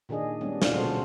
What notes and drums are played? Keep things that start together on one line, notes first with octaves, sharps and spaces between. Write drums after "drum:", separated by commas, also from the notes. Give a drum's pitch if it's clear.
A#2 D#3 D4 G#4 D#5
G3 G#3 B3 C#4 D4
A#2 G#3 D4 F4 F#4 F5, drum: snare
B2 D3 C#4 A4 C5